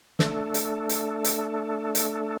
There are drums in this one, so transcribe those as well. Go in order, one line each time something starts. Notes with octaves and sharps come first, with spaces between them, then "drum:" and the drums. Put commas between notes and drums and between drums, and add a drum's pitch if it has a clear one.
A3 D4 A4, drum: snare
drum: hi-hat
drum: hi-hat
drum: hi-hat
drum: hi-hat